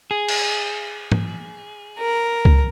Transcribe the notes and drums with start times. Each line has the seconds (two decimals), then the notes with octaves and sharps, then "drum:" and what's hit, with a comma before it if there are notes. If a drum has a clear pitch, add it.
0.11 G#4
0.28 drum: cymbal
1.12 drum: tom
1.99 A#4
2.45 drum: kick C#2